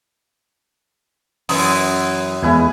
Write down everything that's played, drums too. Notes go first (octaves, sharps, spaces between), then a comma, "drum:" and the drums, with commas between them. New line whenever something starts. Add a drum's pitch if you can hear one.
F#2 E3 D#6, drum: open hi-hat
E2 G#3 E4 B4 G#5